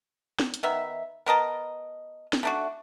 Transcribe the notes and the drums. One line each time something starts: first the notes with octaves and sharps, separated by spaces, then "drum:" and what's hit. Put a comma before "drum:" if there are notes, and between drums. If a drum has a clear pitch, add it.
drum: snare
drum: hi-hat
D#3 B3 E5
B3 A#4 D#5 A5
drum: snare
A3 D4 F#4